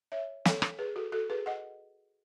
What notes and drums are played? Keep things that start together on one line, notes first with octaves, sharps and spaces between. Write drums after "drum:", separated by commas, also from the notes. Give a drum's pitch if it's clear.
C#5 E5
A4 C#5, drum: snare
drum: rim click
G#4 B4
F#4 A4
F#4 A4
G#4 B4
D#5 F#5